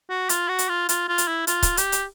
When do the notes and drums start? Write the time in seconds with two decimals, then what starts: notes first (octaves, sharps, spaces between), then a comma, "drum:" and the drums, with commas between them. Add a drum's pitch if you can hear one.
0.09 F#4
0.29 F4, drum: hi-hat
0.48 F#4
0.59 drum: hi-hat
0.69 F4
0.89 F4, drum: hi-hat
1.09 F4
1.18 drum: hi-hat
1.28 E4
1.47 F4, drum: hi-hat
1.63 drum: kick C#1, hi-hat
1.77 G4, drum: hi-hat
1.92 drum: hi-hat